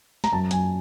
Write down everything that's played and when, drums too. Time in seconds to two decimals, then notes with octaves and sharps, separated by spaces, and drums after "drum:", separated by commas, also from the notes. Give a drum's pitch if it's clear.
0.24 A#5, drum: snare
0.32 F#2 A5
0.51 F#2 G#5, drum: hi-hat